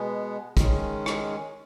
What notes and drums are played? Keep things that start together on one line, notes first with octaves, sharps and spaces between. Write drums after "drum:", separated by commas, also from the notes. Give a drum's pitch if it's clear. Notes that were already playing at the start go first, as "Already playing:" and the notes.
Already playing: B2 G#3 B3
D#3 G#3 C#4, drum: kick, hi-hat
drum: rim click